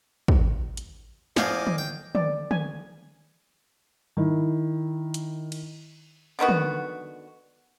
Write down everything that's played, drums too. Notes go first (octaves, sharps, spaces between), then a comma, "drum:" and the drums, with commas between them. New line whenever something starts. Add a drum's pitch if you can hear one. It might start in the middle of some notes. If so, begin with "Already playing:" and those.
drum: kick
drum: hi-hat
E2 F3 D#5 F5 G#5 D6, drum: snare
drum: tom
G5
D5, drum: tom
G#5, drum: tom
D#3 E4
drum: hi-hat
drum: cymbal
D3 D#3 B3 F#4
drum: tom